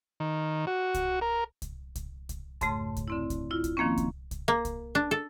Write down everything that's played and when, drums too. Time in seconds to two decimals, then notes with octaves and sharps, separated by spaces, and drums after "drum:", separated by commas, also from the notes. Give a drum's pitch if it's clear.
0.20 D#3
0.67 F#4
0.94 drum: kick C2, hi-hat
1.21 A#4
1.62 drum: kick C2, hi-hat
1.95 drum: kick C2, hi-hat
2.29 drum: kick C2, hi-hat
2.61 F2 G#2 C#3 A3 A5 C6, drum: kick C2, hi-hat
2.96 drum: kick C2, hi-hat
3.08 D3 C4 E4
3.30 drum: kick C2, hi-hat
3.51 E4 F4
3.64 drum: kick C2, hi-hat
3.77 D#3 F3 A#3 C4 C#4
3.97 drum: kick C2, hi-hat
4.31 drum: kick C2, hi-hat
4.48 A#3
4.65 drum: kick C2, hi-hat
4.95 D4
5.11 A4